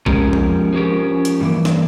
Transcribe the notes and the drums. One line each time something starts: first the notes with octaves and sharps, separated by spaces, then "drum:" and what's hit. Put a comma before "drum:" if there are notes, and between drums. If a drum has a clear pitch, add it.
F3 G#3 C#4 G4 A#4, drum: kick A#1
drum: tom E2
F3 G#3 C#4 G4 A#4
drum: hi-hat
G2 E3 A#3
drum: snare